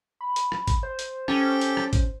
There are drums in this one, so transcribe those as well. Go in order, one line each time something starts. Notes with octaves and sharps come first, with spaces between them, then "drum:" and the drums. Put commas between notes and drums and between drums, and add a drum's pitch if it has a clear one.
B5
drum: hi-hat
drum: rim click
drum: kick, hi-hat
C5
drum: hi-hat
C#4 G4 A4 G5, drum: rim click
drum: hi-hat
drum: rim click
drum: kick, hi-hat